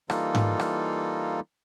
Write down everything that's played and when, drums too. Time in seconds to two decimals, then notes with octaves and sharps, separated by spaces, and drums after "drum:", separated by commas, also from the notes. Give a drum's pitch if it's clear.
0.10 E3 G3 A#3 D#4 F4 A4, drum: rim click
0.35 drum: tom G#2
0.60 drum: rim click